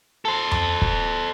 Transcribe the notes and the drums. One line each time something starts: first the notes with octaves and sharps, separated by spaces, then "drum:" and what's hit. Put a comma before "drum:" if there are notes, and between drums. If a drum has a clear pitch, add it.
A4 C5
drum: tom F2
drum: kick